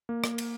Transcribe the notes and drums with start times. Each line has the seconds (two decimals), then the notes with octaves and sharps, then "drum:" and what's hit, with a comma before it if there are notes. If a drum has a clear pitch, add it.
0.09 A#3
0.24 drum: rim click
0.38 drum: cymbal